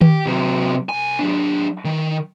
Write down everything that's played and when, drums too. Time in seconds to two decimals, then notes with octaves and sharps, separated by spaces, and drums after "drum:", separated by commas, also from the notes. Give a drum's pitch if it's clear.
0.01 G4, drum: tom D#3
0.27 C3 F#3
0.89 C2 G#5
1.19 F#3 D4
1.85 D#3